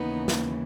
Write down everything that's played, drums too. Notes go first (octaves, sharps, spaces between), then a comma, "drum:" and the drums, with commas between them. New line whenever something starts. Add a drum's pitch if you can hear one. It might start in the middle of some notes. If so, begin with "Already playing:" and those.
Already playing: D#2 C#3 E3 B3 D#4
drum: snare